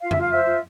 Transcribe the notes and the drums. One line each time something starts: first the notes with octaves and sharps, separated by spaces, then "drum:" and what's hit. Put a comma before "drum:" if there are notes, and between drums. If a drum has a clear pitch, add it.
F4 F5
E5, drum: tom F2
F4
F5
C5 E5
F4